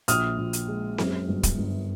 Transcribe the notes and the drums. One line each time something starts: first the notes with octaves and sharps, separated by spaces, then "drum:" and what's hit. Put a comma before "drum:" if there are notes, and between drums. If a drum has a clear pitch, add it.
A#1 D#6 F6, drum: hi-hat
A#1
drum: hi-hat
G#3
F#2, drum: snare C4
G1
drum: kick, hi-hat
G1